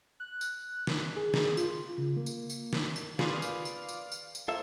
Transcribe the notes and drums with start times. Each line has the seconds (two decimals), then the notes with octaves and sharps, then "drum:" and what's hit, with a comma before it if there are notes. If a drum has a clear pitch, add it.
0.20 F#6
0.41 drum: tambourine
0.87 drum: snare
1.16 G#4
1.34 drum: snare
1.57 F4, drum: tambourine
1.98 C#3
2.17 A#3
2.26 drum: tambourine
2.49 drum: tambourine
2.73 drum: snare
2.96 drum: tambourine
3.19 F4 G#4 B4 D5 F5, drum: snare
3.42 drum: tambourine
3.65 drum: tambourine
3.88 drum: tambourine
4.12 drum: tambourine
4.35 drum: tambourine
4.48 A#3 F4 A4 C5 E5